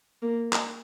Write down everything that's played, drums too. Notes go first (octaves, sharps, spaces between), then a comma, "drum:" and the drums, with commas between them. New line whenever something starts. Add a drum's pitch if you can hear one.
A#3
drum: clap